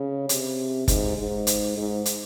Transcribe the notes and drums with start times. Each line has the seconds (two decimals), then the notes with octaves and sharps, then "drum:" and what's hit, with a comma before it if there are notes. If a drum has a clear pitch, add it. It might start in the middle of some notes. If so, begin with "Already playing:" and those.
Already playing: C#3
0.29 C3, drum: hi-hat
0.88 G#2, drum: kick, hi-hat
1.17 G#2
1.47 drum: hi-hat
1.77 G#2
2.05 drum: hi-hat